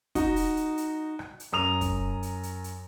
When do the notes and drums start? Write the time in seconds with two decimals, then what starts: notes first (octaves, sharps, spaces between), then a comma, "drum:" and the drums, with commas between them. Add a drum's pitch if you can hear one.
0.15 D#4 F#4, drum: kick, hi-hat
0.36 drum: open hi-hat
0.57 drum: hi-hat
0.77 drum: hi-hat
1.19 drum: rim click
1.40 drum: hi-hat
1.52 F#2 A#5 D#6 F7
1.81 drum: kick, hi-hat
2.23 drum: hi-hat
2.43 drum: hi-hat
2.64 drum: hi-hat